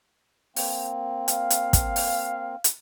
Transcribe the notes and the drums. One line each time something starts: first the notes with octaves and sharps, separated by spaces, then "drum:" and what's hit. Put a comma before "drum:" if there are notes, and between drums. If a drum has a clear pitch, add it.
A#3 C4, drum: open hi-hat
F5, drum: hi-hat
drum: hi-hat
drum: kick, hi-hat
drum: open hi-hat
drum: hi-hat